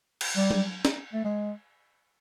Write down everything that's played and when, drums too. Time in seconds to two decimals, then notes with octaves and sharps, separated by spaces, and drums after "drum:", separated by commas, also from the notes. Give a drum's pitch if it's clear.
0.21 drum: cymbal
0.36 G3
0.51 drum: tom F#3
0.85 drum: snare
1.13 A3
1.25 G#3